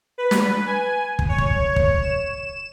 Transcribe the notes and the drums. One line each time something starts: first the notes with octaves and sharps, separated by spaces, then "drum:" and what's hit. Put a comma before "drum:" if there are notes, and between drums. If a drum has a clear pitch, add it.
B4
drum: snare
G#5
drum: kick
C#5
drum: kick
drum: kick
E7